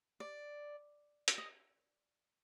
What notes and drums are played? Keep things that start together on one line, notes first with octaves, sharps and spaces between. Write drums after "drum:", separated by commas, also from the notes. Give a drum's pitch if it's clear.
D5
drum: hi-hat
D#5